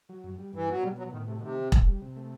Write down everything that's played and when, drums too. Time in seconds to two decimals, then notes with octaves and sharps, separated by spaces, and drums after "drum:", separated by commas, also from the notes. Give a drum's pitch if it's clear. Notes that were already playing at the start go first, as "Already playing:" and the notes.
0.09 F#3
0.24 F#2
0.39 G3
0.53 G2 E3
0.69 F#3 B3
0.83 B2 G3
0.98 F#3 B3
1.13 A2 D#3
1.28 C3 A3
1.38 B2
1.42 C3 D#3
1.57 C4
1.72 A2, drum: kick E1
1.87 G3
2.02 C3
2.16 A3